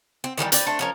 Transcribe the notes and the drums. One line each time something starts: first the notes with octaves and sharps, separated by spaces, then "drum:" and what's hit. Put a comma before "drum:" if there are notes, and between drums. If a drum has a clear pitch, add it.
C4
D#3 E3 F#3 G3
C4 B4 D5, drum: hi-hat
A3 D4 C5
F3 C#4 A#4